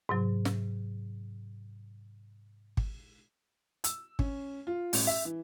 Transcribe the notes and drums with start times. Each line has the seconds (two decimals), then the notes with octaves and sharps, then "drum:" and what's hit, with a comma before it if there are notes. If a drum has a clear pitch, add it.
0.09 G#2 C3 F#3
0.45 drum: snare
2.77 drum: kick G#1
3.84 E6, drum: hi-hat
4.19 C#4, drum: kick G#1
4.67 F4
4.93 A1, drum: open hi-hat
5.07 E5
5.25 E3